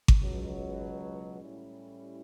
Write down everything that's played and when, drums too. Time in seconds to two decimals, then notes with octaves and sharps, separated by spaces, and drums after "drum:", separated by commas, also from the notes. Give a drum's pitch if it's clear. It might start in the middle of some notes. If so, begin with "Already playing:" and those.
0.08 drum: kick G#1
0.21 C#2 B2 F#3
1.39 A2 G3 C#4 E4